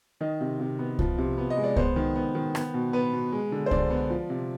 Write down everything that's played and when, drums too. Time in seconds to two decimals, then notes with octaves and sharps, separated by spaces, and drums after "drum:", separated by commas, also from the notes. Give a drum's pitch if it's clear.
0.21 D#3 D#5
0.41 C3
0.60 C3
0.79 B3
0.99 F3, drum: kick C2
1.18 C3
1.38 B3
1.50 D#5
1.58 G#3
1.64 D5
1.76 B3 C5, drum: kick C2
1.96 D#3
2.16 B3
2.35 D#3
2.55 B3, drum: rim click
2.74 B2
2.93 B3 B4
3.13 B2
3.32 G#3
3.52 D3
3.66 C5
3.71 D3 D5, drum: kick C2
3.90 B3
4.10 F3
4.30 C3